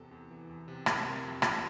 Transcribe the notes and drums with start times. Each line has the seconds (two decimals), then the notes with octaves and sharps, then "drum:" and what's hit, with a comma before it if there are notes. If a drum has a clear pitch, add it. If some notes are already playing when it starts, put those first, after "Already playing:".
Already playing: E2 C3 A4
0.11 E2
0.31 E3
0.49 E2
0.68 C3
0.86 C4 A#4, drum: rim click
1.05 C3
1.23 F2
1.42 F3, drum: rim click